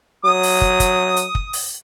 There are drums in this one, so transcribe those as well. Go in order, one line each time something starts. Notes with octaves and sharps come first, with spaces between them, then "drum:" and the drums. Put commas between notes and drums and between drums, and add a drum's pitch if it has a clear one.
F#3 D#6
drum: open hi-hat
drum: kick
drum: kick, hi-hat
drum: hi-hat
drum: kick
drum: open hi-hat